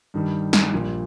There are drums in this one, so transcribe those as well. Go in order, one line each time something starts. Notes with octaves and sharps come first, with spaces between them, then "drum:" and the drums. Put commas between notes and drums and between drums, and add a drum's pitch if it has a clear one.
G2 D#3 G3
drum: snare
A#1 A#2 G3